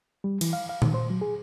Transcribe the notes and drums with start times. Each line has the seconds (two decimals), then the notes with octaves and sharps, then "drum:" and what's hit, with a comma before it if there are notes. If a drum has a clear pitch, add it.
0.24 G3
0.41 E3, drum: cymbal
0.53 F5
0.69 F5
0.82 D#3, drum: tom A#2
0.94 C5
1.10 F#3
1.21 G#4